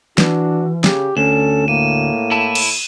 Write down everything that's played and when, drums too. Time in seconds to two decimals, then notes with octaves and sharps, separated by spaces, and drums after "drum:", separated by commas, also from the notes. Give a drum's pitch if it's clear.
0.18 E3 D4 F#4, drum: snare
0.84 C#3 G4, drum: snare
1.17 D2 C#4 A4 E7
1.68 A2 A#3 D#7
2.31 E4 A5
2.55 drum: cymbal